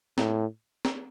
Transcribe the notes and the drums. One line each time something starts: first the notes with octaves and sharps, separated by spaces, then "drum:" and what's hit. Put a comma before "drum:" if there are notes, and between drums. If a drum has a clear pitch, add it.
A2, drum: snare
drum: snare